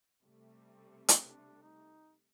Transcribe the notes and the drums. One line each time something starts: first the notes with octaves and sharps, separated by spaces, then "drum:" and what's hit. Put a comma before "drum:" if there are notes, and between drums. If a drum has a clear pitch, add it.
C3 G3 A3
drum: hi-hat
D4
D#4